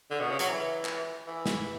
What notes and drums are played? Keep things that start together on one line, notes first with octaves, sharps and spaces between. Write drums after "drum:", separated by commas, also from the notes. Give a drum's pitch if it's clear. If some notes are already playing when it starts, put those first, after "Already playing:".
D3
B2
C#3
F#3, drum: hi-hat
E3
drum: clap
E3
drum: snare